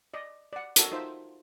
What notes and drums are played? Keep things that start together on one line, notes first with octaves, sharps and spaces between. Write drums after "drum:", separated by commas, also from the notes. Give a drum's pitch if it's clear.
D5 D#5
D5 F#5
F#4 A4 A#4, drum: hi-hat
D#4 F4 C5 E5